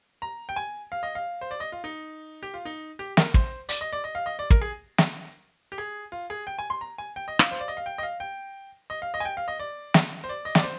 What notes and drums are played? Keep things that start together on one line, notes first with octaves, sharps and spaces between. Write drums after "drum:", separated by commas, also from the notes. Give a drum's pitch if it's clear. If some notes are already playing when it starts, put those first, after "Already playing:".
A#5
G5
G#5
F5
D#5
F5
C5
D5
D#5
F4
D#4
G4
F4
D#4
G4
A#4, drum: snare
C5, drum: kick
D5, drum: hi-hat
D#5
D5
D#5
F5
D#5
D5
A#4, drum: kick
G#4
drum: snare
G4
G#4
F4
G#4
G5
G#5
C6
A#5
G#5
G5
D#5
F5, drum: rim click
C5
D5
D#5
F5
G5
D#5
F5
G5
D#5
F5
D#5
G#5
G5
F5
D#5
D5
drum: snare
C5
D5
D#5
D5, drum: snare
C5